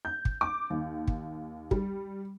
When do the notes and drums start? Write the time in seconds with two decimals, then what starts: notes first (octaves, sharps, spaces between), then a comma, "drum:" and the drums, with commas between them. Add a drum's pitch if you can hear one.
0.05 G6
0.25 drum: kick
0.41 D6
0.70 D#2
1.08 drum: kick
1.71 G3, drum: kick